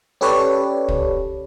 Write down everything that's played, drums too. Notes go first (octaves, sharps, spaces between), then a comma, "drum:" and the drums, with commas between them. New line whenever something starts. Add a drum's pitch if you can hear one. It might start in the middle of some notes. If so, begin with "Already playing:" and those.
C#4 G4 A4 B4 C#5 D5
drum: kick